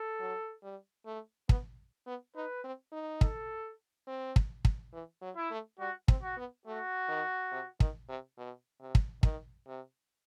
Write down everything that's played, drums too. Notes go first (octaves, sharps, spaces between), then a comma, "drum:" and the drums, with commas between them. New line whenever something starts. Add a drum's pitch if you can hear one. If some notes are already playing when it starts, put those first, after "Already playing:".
Already playing: A4
F#3
G3
A3
B3, drum: kick
B3
D#4 B4
C4
D#4
A4, drum: kick
C4
drum: kick
drum: kick
E3
F#3
E4
A3
G3 F#4
C4, drum: kick
F#4
B3
A3 F#4
D#3
C3
D#3, drum: kick
C3
B2
C3
drum: kick
D#3, drum: kick
C3